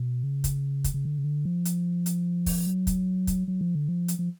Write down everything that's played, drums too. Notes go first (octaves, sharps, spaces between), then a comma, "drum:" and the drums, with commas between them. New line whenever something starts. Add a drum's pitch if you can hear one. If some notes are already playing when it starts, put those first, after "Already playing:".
Already playing: B2
C#3
drum: kick, hi-hat
drum: kick, hi-hat
C#3
D3
C#3
D3
F3
drum: hi-hat
drum: hi-hat
drum: kick, open hi-hat
F#3
drum: kick, hi-hat
drum: kick, hi-hat
F#3
F3
D3
F3
drum: hi-hat
F3